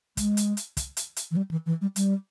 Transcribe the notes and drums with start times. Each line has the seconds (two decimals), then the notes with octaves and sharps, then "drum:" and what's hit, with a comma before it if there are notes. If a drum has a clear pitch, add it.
0.17 G#3, drum: kick, hi-hat
0.37 drum: hi-hat
0.57 drum: hi-hat
0.77 drum: kick, hi-hat
0.97 drum: hi-hat
1.16 drum: hi-hat
1.31 E3
1.37 G3
1.51 E3
1.66 E3
1.81 G3
1.96 G3, drum: hi-hat